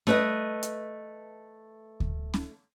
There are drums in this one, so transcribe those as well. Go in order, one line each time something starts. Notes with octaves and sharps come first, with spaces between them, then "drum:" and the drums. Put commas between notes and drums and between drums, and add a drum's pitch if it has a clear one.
A3 B4 D#5, drum: snare C#4
drum: hi-hat
drum: kick D2
drum: snare C#4